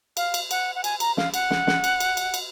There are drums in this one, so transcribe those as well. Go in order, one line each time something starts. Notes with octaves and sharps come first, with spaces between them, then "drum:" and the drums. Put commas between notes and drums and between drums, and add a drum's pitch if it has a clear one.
F5, drum: cymbal
drum: cymbal
F#5, drum: cymbal
F#5
G#5, drum: cymbal
A#5, drum: cymbal
F5, drum: snare
F#5, drum: cymbal
drum: snare
drum: snare
drum: cymbal
drum: cymbal
drum: cymbal
drum: cymbal